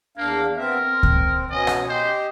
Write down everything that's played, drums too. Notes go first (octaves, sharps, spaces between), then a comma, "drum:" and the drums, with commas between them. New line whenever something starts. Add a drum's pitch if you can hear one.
E2 A#3 D4 F5
B3 C4 A#4 E5
C4
drum: kick C#2
B2 B3 C#4 D#5
drum: rim click
G4 C5 D#5